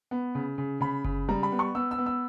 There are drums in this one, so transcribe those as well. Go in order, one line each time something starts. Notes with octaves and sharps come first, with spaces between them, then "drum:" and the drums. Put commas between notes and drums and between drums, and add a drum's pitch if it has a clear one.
B3
C#3
C#3
C#3 B5
C#3, drum: kick F#1
G3 A#5
B5
B3
C#6
B3 E6
E6
B3
E6